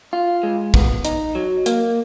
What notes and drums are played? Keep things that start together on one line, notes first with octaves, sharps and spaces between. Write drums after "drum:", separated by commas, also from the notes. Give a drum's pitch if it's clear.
F4
G#3
B3, drum: kick
D#4, drum: hi-hat
F#3
A#3, drum: hi-hat